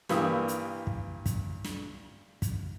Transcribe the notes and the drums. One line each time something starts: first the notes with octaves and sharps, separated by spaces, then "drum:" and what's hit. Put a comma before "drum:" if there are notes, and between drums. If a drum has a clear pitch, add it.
G2 E3 A#3 G4 D#6, drum: snare
drum: hi-hat
drum: kick
drum: kick, hi-hat
drum: snare
drum: kick, hi-hat